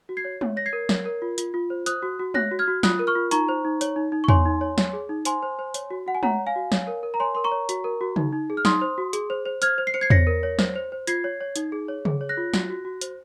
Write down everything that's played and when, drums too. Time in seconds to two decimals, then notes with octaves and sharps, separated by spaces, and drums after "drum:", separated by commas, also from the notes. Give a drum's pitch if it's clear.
0.09 F#4
0.17 G#6 C7
0.25 C#5
0.41 C#5, drum: tom G#3
0.57 C#5 A#6
0.66 G#6 C7
0.73 A#4
0.89 C#5, drum: snare
1.06 A#4
1.22 F4
1.38 F4, drum: hi-hat
1.54 F4
1.70 C5
1.86 C5 D#6 F#6, drum: hi-hat
2.02 F#4
2.19 F#4
2.34 C#5 F#6 A#6, drum: tom G#3
2.51 F#4
2.59 F6 G#6
2.68 F#4
2.83 F4 D#6 F#6, drum: snare
2.99 A#4
3.07 C#6 F6
3.15 F4
3.31 D#4 A#5 C#6, drum: hi-hat
3.49 C5
3.65 D#4
3.81 C#5, drum: hi-hat
3.96 D#4
4.12 D#4
4.24 C#6
4.28 C#5 G#5 C6, drum: tom E2
4.46 D#4
4.61 C#5
4.78 C#5, drum: snare
4.93 G#4
5.09 D#4
5.25 C5 G#5 C6, drum: hi-hat
5.43 C5
5.59 C5
5.74 C#5, drum: hi-hat
5.90 F#4
6.07 F#4 F#5
6.15 G#5
6.23 C#5 F#5 A#5, drum: tom G#3
6.39 C#5
6.47 F5 G#5
6.56 F#4
6.72 C#5, drum: snare
6.87 A#4
7.03 A#4
7.14 A#5
7.20 C#5 G#5 C6
7.35 A#4 C6
7.44 A#5 C#6
7.52 C#5
7.69 F#4, drum: hi-hat
7.84 A#4
8.01 F#4
8.16 D#4, drum: tom C#3
8.33 D#4
8.50 G#4
8.57 F6
8.65 D#4 C6 D#6, drum: snare
8.81 C5
8.98 F#4
9.13 G#4, drum: hi-hat
9.30 C5
9.45 C5
9.62 C5 F6 G#6, drum: hi-hat
9.78 C5
9.87 C7
9.94 C5 C#7
10.01 G#6 C7
10.10 C#5 A#6 C#7, drum: tom E2
10.27 A#4
10.43 C#5
10.59 C5, drum: snare
10.76 C5
10.92 C5
11.07 F4 G#6 C7, drum: hi-hat
11.24 C#5
11.41 C#5
11.56 D#4, drum: hi-hat
11.72 G#4
11.88 C#5
12.05 G#4, drum: tom C#3
12.21 C#5
12.29 F#6 A#6
12.37 F4
12.54 F#4, drum: snare
12.70 F#4
12.85 F#4
13.01 C5, drum: hi-hat